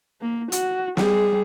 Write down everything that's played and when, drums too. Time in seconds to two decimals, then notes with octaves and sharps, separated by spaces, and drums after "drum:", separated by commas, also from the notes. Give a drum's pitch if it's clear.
0.22 A#3
0.52 F#4, drum: hi-hat
0.97 G3 G#4, drum: snare